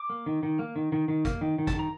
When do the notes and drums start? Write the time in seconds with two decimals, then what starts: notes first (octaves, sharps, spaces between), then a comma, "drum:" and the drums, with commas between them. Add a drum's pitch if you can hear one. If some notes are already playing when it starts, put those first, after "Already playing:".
Already playing: D6
0.10 A#3
0.26 D#3
0.43 D#3
0.59 A#3
0.76 D#3
0.92 D#3
1.08 D#3
1.25 A#3, drum: kick, hi-hat
1.41 D#3
1.58 D#3
1.67 A5, drum: kick, hi-hat
1.74 D#3 A#5